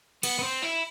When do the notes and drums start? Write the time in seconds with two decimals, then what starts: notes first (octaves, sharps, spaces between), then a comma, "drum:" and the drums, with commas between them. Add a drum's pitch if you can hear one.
0.23 B3, drum: cymbal
0.39 B3
0.43 C4
0.63 E4